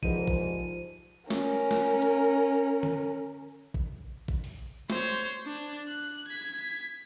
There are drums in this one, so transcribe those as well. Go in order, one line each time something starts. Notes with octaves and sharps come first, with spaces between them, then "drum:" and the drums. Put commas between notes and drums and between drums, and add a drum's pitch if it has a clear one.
C2 G#2 F3 B4 D#7, drum: kick A1
drum: kick A1
C#4 A#4, drum: snare A3
drum: snare A3
drum: cymbal
drum: tom D3
drum: kick A1
drum: kick A1
drum: open hi-hat
C5 C#5, drum: snare A3
D4
drum: hi-hat
F#6
G#6 B6